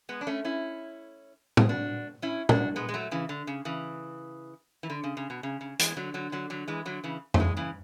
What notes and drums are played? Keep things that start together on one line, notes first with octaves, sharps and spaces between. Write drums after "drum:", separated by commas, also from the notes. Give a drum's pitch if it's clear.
G#3 B3
D4
A3 C#4
C#4 E4
G#4, drum: tom
D4 F#4
C#4 E4
D4 F#4, drum: tom
G#3 B3
G#3
F#3 A3
C#3 E3
D3
C#3
C#3 E3
E3
D3
C#3
C#3
B2
C#3
C#3
E3 G#3, drum: hi-hat
D3 F#3
D3 F#3
D3 F#3
D3 F#3
E3 G#3
D3 F#3
C#3 E3
A3, drum: tom F2
E3 G#3
C#3 E3